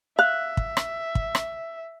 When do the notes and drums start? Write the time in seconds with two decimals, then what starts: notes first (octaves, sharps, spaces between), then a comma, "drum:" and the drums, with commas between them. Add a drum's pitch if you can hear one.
0.19 E5 F5 F#6
0.57 drum: kick
0.77 drum: rim click
1.15 drum: kick
1.35 drum: rim click